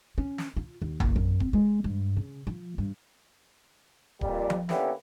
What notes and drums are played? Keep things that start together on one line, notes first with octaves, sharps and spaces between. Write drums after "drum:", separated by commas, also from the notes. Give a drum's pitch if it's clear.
C#4
drum: snare
F4
D#2
F#1, drum: tom A#1
F#2
C4, drum: kick D1
G#3
G2
C#3
F3
G2
F2 A#2 G3, drum: kick D1
drum: tom F3
D3 A#3 B3 C#4 E4 G4, drum: snare